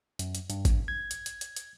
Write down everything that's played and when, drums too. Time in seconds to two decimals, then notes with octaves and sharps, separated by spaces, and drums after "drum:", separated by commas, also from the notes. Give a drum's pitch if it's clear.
0.19 F#2, drum: hi-hat
0.35 drum: hi-hat
0.50 G2, drum: hi-hat
0.65 drum: kick, hi-hat
0.88 G#6
1.11 drum: hi-hat
1.26 drum: hi-hat
1.41 drum: hi-hat
1.56 drum: hi-hat